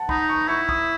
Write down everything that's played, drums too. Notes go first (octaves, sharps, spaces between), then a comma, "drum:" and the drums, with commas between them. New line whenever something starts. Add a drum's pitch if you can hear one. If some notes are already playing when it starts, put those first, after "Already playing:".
Already playing: F#5 A5
D#4 B5, drum: kick
C#6
E4 C#6
D#6, drum: kick